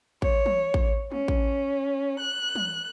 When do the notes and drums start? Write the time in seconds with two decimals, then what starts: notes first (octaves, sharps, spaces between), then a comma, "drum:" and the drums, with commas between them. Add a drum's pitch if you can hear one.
0.22 C#5, drum: kick A1
0.46 drum: tom
0.74 drum: kick A1
1.12 C#4, drum: tom
1.28 drum: kick A1
2.20 F#6
2.55 drum: tom